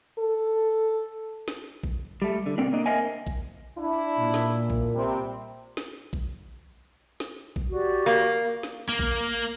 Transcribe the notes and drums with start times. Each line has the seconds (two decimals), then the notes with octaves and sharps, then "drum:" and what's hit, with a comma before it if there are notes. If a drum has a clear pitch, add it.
0.19 A4
1.48 drum: snare
1.83 drum: kick A#1
2.22 G3 A3
2.46 D3
2.58 B2 A#3 C4 D4
2.73 A#3 D4 D#5
2.86 A#3 C4 A#4 D#5 E5 G#5
3.27 drum: kick A#1
3.79 D4 E4
4.19 A#2
4.34 drum: snare
4.70 drum: kick A#1
4.95 C3 G3 C4
5.77 drum: snare
6.13 drum: kick A#1
7.20 drum: snare
7.56 drum: kick A#1
7.72 F#4 G4 D5
8.06 A#3
8.63 drum: snare
8.89 A#3
8.99 drum: kick A#1